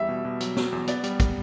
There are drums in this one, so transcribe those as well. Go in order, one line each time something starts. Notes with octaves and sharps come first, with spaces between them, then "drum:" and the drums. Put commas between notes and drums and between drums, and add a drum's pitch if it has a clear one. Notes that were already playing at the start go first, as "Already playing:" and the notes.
Already playing: E2 G3 E5
B2
B2
F#3, drum: hi-hat
F#3, drum: snare
E2
B3 D5, drum: hi-hat
G3, drum: hi-hat
drum: kick, hi-hat